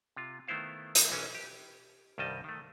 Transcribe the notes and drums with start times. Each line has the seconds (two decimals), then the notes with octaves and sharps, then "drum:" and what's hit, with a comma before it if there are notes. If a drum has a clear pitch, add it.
0.16 C3 F4
0.48 D#3 A3 B3 E4 C5 F5
0.95 drum: hi-hat
1.10 B1 E3 C#4
1.35 G4
2.18 C2 G2 D#3 G3 D#5 A5
2.44 D#3 A3